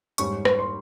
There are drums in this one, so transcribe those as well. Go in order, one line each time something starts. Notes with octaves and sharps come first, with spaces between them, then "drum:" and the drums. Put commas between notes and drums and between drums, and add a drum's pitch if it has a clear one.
G#2 G3 C#4 C#6, drum: hi-hat
drum: rim click
C6